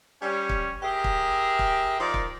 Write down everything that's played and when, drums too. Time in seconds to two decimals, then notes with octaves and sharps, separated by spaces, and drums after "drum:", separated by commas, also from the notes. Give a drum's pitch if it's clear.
0.22 G3 C#4
0.49 drum: kick
0.83 G4 G#4 A#4 E5
1.04 drum: kick
1.59 drum: kick
1.99 F3 D#4 A#4 D5
2.14 drum: kick